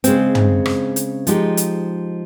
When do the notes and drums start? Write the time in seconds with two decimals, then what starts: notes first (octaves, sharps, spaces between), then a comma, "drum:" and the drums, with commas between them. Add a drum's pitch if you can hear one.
0.04 C#3 G#3 C4, drum: hi-hat
0.35 drum: tom
0.66 drum: rim click
0.96 drum: hi-hat
1.27 F3 G#3 D#4 G4, drum: hi-hat
1.57 drum: hi-hat